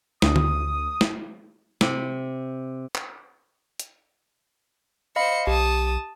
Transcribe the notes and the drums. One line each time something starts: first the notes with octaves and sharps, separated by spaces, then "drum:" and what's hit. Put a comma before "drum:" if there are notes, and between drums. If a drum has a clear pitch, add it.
D2 D#6, drum: snare
drum: tom D3
drum: snare
C3, drum: snare
drum: clap
drum: hi-hat
C5 D#5 F5 B5 C#7
B1 G4 A5 D#6